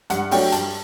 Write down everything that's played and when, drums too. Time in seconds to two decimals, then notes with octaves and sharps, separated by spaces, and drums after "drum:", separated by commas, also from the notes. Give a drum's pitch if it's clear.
0.10 G2 F#5, drum: hi-hat
0.31 F#3 A3 D4 G5, drum: open hi-hat
0.52 G2 A5, drum: hi-hat